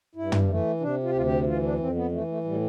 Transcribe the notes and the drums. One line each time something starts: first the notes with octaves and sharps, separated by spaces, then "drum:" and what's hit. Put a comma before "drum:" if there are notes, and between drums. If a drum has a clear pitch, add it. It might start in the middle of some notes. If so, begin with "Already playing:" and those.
G2 E4
drum: tom
E3 A3
C3 D4
F4
G4
D2 F4
G4
E3 F4
D4
F2 C4
B3
E3 A3
A3
A2 G3